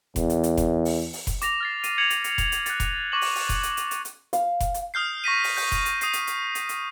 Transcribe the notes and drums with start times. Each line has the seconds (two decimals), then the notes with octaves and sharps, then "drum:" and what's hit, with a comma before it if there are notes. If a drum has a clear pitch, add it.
0.16 E2, drum: kick F1, hi-hat
0.30 drum: hi-hat
0.43 drum: hi-hat
0.57 drum: kick F1, hi-hat
0.85 drum: open hi-hat
1.13 drum: open hi-hat
1.27 drum: kick F1, hi-hat
1.42 D6 A#6 F7, drum: hi-hat
1.61 F6 A6 C7
1.84 D#7 F7, drum: hi-hat
1.98 G#6 C#7 F7 F#7
2.10 drum: hi-hat
2.24 drum: hi-hat
2.38 drum: kick F1, hi-hat
2.52 drum: hi-hat
2.66 F#6 A6, drum: hi-hat
2.80 drum: kick F1, hi-hat
3.12 C#6 D6 F#6 A#6 F#7
3.21 drum: open hi-hat
3.35 drum: open hi-hat
3.49 drum: kick F1, hi-hat
3.63 drum: hi-hat
3.77 drum: hi-hat
3.91 drum: hi-hat
4.05 drum: hi-hat
4.33 F5, drum: hi-hat
4.60 drum: kick F1, hi-hat
4.74 drum: hi-hat
4.94 D#6 F6 G6 C7
5.24 C#6 A#6 B6 D#7
5.44 drum: open hi-hat
5.57 G6, drum: open hi-hat
5.72 drum: kick F1, hi-hat
5.86 drum: hi-hat
6.01 D#6 C7 D#7, drum: hi-hat
6.13 drum: hi-hat
6.27 drum: hi-hat
6.55 drum: hi-hat
6.69 drum: hi-hat